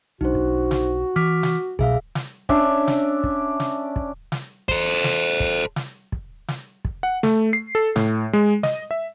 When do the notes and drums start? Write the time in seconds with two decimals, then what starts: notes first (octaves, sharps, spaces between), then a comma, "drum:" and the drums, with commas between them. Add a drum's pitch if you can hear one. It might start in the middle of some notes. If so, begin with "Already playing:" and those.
0.21 B1 D4 D#4 F#4 C5
0.35 drum: kick
0.71 drum: snare
1.16 E3 D6 F6 B6
1.43 drum: snare
1.79 C2 B2 G#4 E5 F5, drum: kick
2.15 drum: snare
2.49 C#4 D4 E5, drum: kick
2.87 drum: snare
3.24 drum: kick
3.60 drum: snare
3.96 drum: kick
4.32 drum: snare
4.69 A4 C5, drum: kick
5.04 drum: snare
5.40 drum: kick
5.76 drum: snare
6.12 drum: kick
6.48 drum: snare
6.85 drum: kick
7.03 F#5
7.23 A3, drum: snare
7.53 C7
7.75 A4
7.96 A2, drum: snare
8.33 G#3
8.63 D#5, drum: snare
8.91 E5